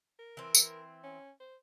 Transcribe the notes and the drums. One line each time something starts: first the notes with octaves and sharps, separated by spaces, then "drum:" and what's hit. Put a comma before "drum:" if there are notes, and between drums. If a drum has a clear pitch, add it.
A#4
E3 C4
drum: tambourine
C#4
C5